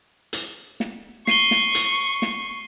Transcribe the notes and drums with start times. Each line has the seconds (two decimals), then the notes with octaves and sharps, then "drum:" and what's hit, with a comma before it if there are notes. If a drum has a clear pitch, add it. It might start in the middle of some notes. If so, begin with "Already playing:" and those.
0.33 drum: hi-hat
0.80 drum: snare
1.27 C#6 C7 D#7 G7, drum: snare
1.51 drum: snare
1.75 drum: hi-hat
2.22 drum: snare